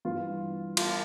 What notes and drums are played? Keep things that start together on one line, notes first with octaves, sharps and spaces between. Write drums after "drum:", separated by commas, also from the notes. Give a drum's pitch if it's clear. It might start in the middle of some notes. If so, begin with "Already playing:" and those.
G2 E3 F4
F4, drum: cymbal